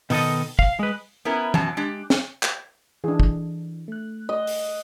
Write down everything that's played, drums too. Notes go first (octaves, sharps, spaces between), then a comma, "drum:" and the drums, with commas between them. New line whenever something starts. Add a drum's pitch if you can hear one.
B2 D#3 D#4 G#4 A4 D#5, drum: open hi-hat
F5, drum: kick
G#3 B4
B3 C#4 E4 A#4
F#2 B2 F#3 A5, drum: tom
G#3 D4 G4
drum: snare
drum: clap
E3 D4 G#4
drum: kick
A3 F#6
D#5
drum: open hi-hat